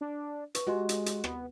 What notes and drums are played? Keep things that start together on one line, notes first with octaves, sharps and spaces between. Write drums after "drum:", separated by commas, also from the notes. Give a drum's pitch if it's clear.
D4
B4 C#6, drum: hi-hat
G#3 F#4 G4 D#5 C6
drum: hi-hat
drum: hi-hat
B3, drum: rim click